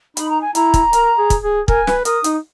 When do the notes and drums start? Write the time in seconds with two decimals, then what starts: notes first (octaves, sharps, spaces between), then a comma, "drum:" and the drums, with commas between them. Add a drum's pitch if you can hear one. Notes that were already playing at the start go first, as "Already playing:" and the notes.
0.17 D#4 B5, drum: hi-hat
0.30 A#5
0.41 G#5
0.55 E4 A#5, drum: hi-hat
0.74 drum: kick, hi-hat
0.93 A#4, drum: hi-hat
1.18 G#4
1.30 drum: kick, hi-hat
1.43 G#4
1.68 A#4 G#5, drum: kick
1.87 B4, drum: snare
2.05 A#4 D#6, drum: hi-hat
2.24 D#4, drum: hi-hat